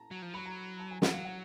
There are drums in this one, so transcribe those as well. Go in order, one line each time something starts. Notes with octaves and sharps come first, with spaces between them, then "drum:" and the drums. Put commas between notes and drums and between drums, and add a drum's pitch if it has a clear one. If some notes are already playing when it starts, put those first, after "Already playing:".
Already playing: A5 A#5
F#3
F3
F#3 B5
A#5
A5
G#5
F#3 F#5, drum: snare
F5
F#5